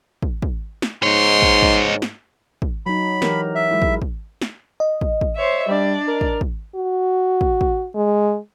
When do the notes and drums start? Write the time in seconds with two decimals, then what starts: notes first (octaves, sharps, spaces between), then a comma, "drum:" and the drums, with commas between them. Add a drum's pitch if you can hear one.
0.22 drum: kick
0.42 drum: kick
0.82 drum: snare
1.03 G#2 D#4 C#5 C6
1.42 drum: kick
1.62 drum: kick
2.02 drum: snare
2.62 drum: kick
2.86 F#3 D#4 B5
3.22 E3 G4 A#4, drum: snare
3.55 E5
3.71 F#3 G#3 E4
3.82 drum: kick
4.02 drum: kick
4.42 drum: snare
4.80 D#5
5.01 drum: kick
5.21 drum: kick
5.36 C5 C#5 E5
5.68 G3 D4 D5
6.08 A#4
6.21 drum: kick
6.41 drum: kick
6.75 F#4
7.41 drum: kick
7.61 drum: kick
7.95 G#3